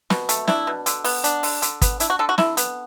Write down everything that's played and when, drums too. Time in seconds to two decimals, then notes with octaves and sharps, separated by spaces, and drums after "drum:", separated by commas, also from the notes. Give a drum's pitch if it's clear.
0.10 B2, drum: snare
0.29 A3, drum: hi-hat
0.47 D4 E4, drum: snare
0.67 B2
0.86 D3, drum: hi-hat
1.04 B3, drum: open hi-hat
1.24 D4, drum: hi-hat
1.43 D3, drum: open hi-hat
1.62 D3, drum: hi-hat
1.82 B3, drum: kick, hi-hat
2.00 D4 E4, drum: hi-hat
2.10 F#4
2.19 D3 A4
2.29 F#4
2.38 D3 E4, drum: snare
2.57 B3, drum: hi-hat